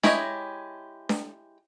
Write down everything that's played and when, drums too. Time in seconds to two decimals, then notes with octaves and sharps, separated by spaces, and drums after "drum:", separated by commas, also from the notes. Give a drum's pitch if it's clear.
0.03 G#3 E4 G4 C#5 D#5, drum: snare D4
1.09 drum: snare D4